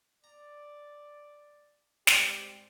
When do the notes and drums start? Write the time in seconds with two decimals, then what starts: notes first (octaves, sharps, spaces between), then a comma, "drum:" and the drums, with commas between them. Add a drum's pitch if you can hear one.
0.24 D5 A#5
2.07 G#2 G3 C4 G4, drum: snare